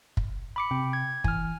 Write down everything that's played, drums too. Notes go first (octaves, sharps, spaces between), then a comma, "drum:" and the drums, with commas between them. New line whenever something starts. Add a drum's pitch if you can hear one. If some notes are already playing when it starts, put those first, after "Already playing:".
drum: kick
B5 D6 C#7
C3 G5
G#6
E3 G#5 F6, drum: kick